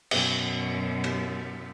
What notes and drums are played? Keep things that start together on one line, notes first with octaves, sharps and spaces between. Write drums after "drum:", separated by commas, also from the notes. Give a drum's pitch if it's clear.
F#2 B2, drum: cymbal
drum: cymbal